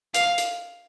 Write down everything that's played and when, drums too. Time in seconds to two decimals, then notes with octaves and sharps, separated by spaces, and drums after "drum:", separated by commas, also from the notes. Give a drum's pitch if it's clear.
0.14 F5, drum: hi-hat
0.38 drum: hi-hat